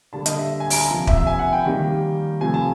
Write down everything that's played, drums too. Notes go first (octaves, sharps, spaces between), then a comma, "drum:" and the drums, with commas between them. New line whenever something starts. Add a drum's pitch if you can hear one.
D3 G3 A#3 A5
D#5, drum: hi-hat
E5
G#5
A#5, drum: open hi-hat
A5
C3 F3 A#3
E5, drum: kick
E5
G#5
F#5
G5
D#3 G3 A#3
C3 F3 A3 G#5
A5